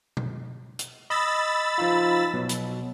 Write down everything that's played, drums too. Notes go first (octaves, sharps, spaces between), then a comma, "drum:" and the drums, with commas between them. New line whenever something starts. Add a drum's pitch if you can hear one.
drum: tom B2
drum: hi-hat
D#5 B5 E6 A6
F3 D#4 F4
B2 F#3
drum: hi-hat